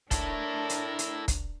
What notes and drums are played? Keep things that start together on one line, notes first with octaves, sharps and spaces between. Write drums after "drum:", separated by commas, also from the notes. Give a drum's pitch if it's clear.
D4 E4 A4 A#4, drum: kick, hi-hat
drum: hi-hat
drum: hi-hat
drum: kick, hi-hat